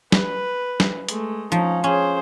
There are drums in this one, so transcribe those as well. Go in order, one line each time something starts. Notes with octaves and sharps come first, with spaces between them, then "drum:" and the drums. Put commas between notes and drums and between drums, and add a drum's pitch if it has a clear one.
B4, drum: snare
drum: snare
G#3 A3, drum: hi-hat
F3 C#4 D#4
C#4 G#4 C5